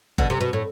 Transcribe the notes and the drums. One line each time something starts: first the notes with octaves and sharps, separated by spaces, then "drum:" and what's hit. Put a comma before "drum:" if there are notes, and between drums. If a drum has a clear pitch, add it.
B2 D3, drum: kick F#1
C3
B2
A2